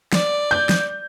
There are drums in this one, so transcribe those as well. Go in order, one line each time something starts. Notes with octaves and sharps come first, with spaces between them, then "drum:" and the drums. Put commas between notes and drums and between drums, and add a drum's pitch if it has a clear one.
D5, drum: snare
G6
drum: snare